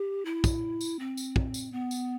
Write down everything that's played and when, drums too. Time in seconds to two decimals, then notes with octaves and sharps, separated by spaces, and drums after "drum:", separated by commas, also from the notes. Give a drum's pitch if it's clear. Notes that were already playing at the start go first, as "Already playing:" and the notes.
Already playing: G4
0.25 E4
0.44 drum: kick, tambourine
0.81 drum: tambourine
0.99 C4
1.17 drum: tambourine
1.36 drum: kick
1.54 drum: tambourine
1.72 B3
1.91 drum: tambourine